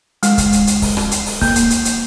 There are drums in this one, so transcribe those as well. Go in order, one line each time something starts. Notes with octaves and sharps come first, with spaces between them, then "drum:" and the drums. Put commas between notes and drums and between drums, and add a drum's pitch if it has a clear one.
G#3, drum: hi-hat
drum: kick C#1, hi-hat
drum: hi-hat
drum: hi-hat
drum: kick C#1, open hi-hat
drum: rim click
drum: hi-hat
drum: open hi-hat
A#3, drum: kick C#1, open hi-hat
drum: hi-hat
drum: hi-hat
drum: hi-hat